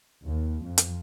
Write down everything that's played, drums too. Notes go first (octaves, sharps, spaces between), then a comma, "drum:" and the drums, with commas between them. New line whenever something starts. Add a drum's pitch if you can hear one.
D#2
F2
drum: hi-hat